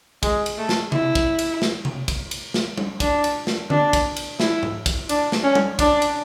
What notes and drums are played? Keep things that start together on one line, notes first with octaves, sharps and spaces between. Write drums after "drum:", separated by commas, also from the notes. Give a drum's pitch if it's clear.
G#3, drum: kick, cymbal
drum: cymbal
A3
drum: snare
E4, drum: tom C3
drum: kick
drum: cymbal
drum: snare
drum: tom C3
drum: kick, cymbal
drum: cymbal
drum: snare
drum: tom G3
D4, drum: kick, cymbal
drum: cymbal
drum: snare
D4, drum: tom D3
drum: kick, cymbal
drum: cymbal
E4, drum: snare
drum: tom G#2
drum: kick, cymbal
D4, drum: cymbal
drum: snare
C#4
drum: tom G3
D4, drum: kick, cymbal
drum: cymbal